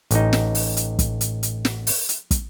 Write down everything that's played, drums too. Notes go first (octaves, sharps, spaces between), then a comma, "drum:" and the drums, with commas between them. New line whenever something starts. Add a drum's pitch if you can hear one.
A1 D#4, drum: hi-hat
drum: snare
drum: open hi-hat
drum: hi-hat
drum: kick, hi-hat
drum: hi-hat
drum: hi-hat
drum: snare
drum: open hi-hat
drum: hi-hat
drum: kick, hi-hat